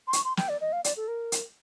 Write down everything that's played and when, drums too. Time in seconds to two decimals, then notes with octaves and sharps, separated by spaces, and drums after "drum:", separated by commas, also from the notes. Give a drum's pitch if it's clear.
0.07 C6
0.13 C#6, drum: hi-hat
0.25 C6
0.37 G5, drum: snare
0.49 D5
0.61 D#5
0.73 F5
0.84 D5, drum: hi-hat
0.97 A4
1.08 A#4
1.32 drum: hi-hat